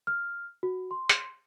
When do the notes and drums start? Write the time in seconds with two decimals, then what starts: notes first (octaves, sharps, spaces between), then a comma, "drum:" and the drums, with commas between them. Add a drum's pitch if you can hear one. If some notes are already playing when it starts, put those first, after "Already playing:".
0.07 F6
0.63 F#4
0.91 C6
1.09 drum: hi-hat